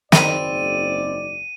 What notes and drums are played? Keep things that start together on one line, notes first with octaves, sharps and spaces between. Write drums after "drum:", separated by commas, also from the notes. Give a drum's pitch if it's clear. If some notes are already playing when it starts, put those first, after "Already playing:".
F#1 G#2 D#3 C4 D5 B5 D#7, drum: snare